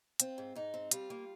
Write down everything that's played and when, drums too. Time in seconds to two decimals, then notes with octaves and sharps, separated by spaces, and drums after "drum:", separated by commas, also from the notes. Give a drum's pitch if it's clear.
0.20 C4 F4, drum: hi-hat
0.38 G#2
0.55 G#2 D#4
0.74 C4
0.91 G3 F4, drum: hi-hat
1.10 A#3